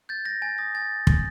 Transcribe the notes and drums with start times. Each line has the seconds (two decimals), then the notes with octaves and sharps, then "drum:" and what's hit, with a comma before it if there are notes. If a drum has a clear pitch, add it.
0.09 G6 A6
0.25 G6 A#6
0.42 G#5 A6
0.58 D#6 A#6
0.75 G#5 A6
1.07 drum: kick